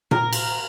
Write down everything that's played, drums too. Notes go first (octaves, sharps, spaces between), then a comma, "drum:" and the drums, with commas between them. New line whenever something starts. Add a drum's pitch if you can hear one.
A#4, drum: tom A#2
drum: cymbal